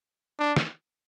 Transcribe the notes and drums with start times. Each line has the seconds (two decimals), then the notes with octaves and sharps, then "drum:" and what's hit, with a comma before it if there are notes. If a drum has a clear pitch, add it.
0.39 D4
0.56 drum: snare